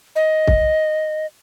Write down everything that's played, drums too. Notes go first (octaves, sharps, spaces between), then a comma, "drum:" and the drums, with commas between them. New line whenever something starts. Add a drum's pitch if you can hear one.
D#5
drum: kick